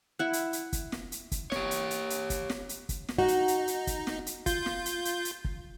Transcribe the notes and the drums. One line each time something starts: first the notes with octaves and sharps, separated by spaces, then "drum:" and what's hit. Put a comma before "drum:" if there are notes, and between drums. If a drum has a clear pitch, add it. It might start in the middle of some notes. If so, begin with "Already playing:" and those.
E4 F#5
drum: hi-hat
drum: hi-hat
drum: kick, hi-hat
drum: snare
drum: hi-hat
drum: kick, hi-hat
G4 C#5, drum: snare
drum: hi-hat
drum: hi-hat
drum: hi-hat
drum: kick, hi-hat
drum: snare
drum: hi-hat
drum: kick, hi-hat
drum: snare
D#4 F#4
drum: hi-hat
drum: hi-hat
drum: hi-hat
drum: kick, hi-hat
drum: snare
drum: hi-hat
F4 G6, drum: kick, hi-hat
drum: snare
drum: hi-hat
drum: hi-hat
drum: hi-hat
drum: kick